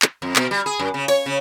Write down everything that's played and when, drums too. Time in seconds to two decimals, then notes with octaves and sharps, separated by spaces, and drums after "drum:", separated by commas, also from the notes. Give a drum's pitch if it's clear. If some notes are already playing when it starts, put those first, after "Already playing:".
0.02 drum: clap
0.22 F2
0.36 B2, drum: clap
0.51 G3
0.66 G#4
0.79 F#2
0.94 C#3
1.08 C#5, drum: cymbal
1.26 C#3